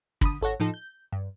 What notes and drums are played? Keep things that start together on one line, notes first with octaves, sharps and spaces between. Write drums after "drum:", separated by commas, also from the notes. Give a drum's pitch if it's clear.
D3 B5 D#6, drum: kick
G#1 A4 C#5 F#5 A#6
A2 F3 D#4 A4
G6
G2